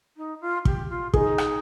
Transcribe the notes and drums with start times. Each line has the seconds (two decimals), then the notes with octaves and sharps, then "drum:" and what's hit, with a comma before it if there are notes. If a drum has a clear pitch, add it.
0.16 D#4
0.41 F4
0.65 G4, drum: kick
0.90 F4
1.14 D#4 G#4, drum: kick
1.38 drum: rim click